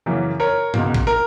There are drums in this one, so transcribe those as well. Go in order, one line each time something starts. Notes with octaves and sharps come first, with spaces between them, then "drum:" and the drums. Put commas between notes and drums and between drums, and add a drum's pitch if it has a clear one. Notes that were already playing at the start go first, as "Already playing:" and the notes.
F#2 C#3 E3 A#3 C#4
A#4 C#5
C#2 B2 A#3, drum: tom G2
drum: kick
A#4